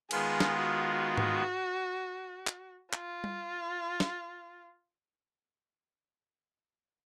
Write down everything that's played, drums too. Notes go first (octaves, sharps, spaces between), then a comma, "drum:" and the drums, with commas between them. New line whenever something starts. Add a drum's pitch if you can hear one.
D#3 G#3 B3 F4 G#4, drum: cymbal
drum: snare
F#4
drum: tom G#2
drum: clap
F4, drum: clap
drum: tom G3
drum: snare